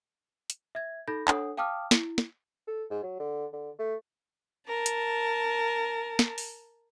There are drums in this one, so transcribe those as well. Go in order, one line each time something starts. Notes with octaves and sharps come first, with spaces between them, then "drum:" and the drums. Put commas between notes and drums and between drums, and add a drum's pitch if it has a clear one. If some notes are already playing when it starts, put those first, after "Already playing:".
drum: hi-hat
E5 G#6
D#4 A4 B5 G6 A#6
D4 A4 C#5 F#5 D#6, drum: clap
F5 G5 A5 D6 D#6 F6
E4, drum: snare
drum: snare
A4
G#2
F#3
D3
D3
A3
A#4 A5
drum: hi-hat
drum: snare
drum: open hi-hat